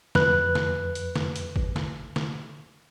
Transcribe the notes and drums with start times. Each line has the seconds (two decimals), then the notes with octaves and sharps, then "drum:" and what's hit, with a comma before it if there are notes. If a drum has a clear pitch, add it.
0.15 F2 B4 F#6, drum: snare
0.55 drum: snare
0.95 drum: hi-hat
1.16 drum: snare
1.36 drum: hi-hat
1.56 drum: kick
1.76 drum: snare
2.16 drum: snare